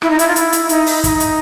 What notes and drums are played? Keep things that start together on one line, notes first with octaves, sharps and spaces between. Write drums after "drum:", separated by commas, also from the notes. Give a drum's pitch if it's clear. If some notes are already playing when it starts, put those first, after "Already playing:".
E4, drum: rim click
D#4
E4, drum: hi-hat
F4
E4, drum: hi-hat
drum: hi-hat
D#4, drum: hi-hat
drum: open hi-hat
E4, drum: kick, hi-hat
D#4
drum: hi-hat